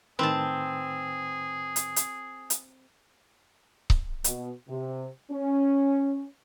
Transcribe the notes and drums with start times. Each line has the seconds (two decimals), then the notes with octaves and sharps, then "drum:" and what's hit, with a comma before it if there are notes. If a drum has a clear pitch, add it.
0.19 A2 D#3 C4 G#4 B4 A5
1.76 drum: hi-hat
1.96 drum: hi-hat
2.50 drum: hi-hat
3.90 drum: kick C#1
4.24 B2, drum: hi-hat
4.69 C3
5.31 C#4